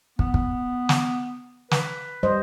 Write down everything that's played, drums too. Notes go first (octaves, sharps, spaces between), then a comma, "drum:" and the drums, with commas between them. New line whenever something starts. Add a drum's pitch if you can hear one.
B3, drum: kick
drum: kick
drum: snare
B4, drum: snare
G3 C5 D#5